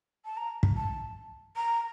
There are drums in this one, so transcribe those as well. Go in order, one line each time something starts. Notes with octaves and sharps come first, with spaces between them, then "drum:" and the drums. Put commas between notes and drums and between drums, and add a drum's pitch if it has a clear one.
A5
A#5
drum: kick
A5
A#5